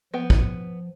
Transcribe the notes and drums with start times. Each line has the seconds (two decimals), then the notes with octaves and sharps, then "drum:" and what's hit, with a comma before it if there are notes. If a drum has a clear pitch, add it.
0.14 F3 B3 G5
0.30 drum: kick